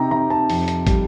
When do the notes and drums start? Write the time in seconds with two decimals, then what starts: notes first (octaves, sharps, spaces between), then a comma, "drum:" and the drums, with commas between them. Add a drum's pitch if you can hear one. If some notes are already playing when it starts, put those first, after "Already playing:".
Already playing: C3 D#4 G5 A#5
0.11 C3 A#5
0.30 A5
0.50 F2, drum: open hi-hat
0.68 drum: hi-hat
0.87 G3, drum: kick, hi-hat